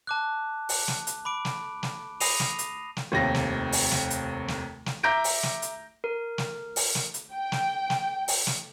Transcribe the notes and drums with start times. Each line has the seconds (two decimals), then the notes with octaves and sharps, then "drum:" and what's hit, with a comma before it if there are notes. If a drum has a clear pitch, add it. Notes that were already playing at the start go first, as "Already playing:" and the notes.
0.07 A5 D6 F#6
0.69 drum: open hi-hat
0.88 drum: snare
1.07 drum: hi-hat
1.25 B5 D6 D7
1.45 drum: snare
1.83 drum: snare
2.20 B5 D#6 A#6 C7 D#7 F7, drum: open hi-hat
2.40 drum: snare
2.59 drum: hi-hat
2.97 drum: snare
3.12 F1 D#2 C3 A#6
3.34 drum: snare
3.72 drum: open hi-hat
3.91 drum: snare
4.10 drum: hi-hat
4.48 drum: snare
4.86 drum: snare
5.03 E5 A#5 D6 G6 A#6 D7
5.24 drum: open hi-hat
5.43 drum: snare
5.62 drum: hi-hat
6.04 A#4
6.38 drum: snare
6.76 drum: open hi-hat
6.95 drum: snare
7.14 drum: hi-hat
7.33 G5
7.52 drum: snare
7.90 drum: snare
8.28 drum: open hi-hat
8.47 drum: snare